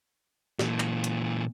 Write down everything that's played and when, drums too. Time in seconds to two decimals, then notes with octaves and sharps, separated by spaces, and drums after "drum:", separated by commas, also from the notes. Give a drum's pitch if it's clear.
0.59 A#2 E3, drum: snare
0.80 drum: clap
1.04 drum: hi-hat